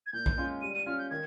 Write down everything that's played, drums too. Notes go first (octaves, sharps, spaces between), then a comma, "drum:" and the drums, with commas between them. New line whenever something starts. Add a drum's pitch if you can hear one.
G#6
A#2 G6
drum: kick B1
G#3 C#4 F4
G3 D#7
D#7
C#4 F4 F6
G6
D#3 G#6